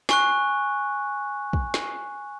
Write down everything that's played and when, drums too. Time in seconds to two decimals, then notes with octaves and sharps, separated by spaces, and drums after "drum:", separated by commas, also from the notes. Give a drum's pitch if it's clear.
0.09 G#5 C#6 F#6, drum: snare
1.53 drum: kick
1.74 drum: snare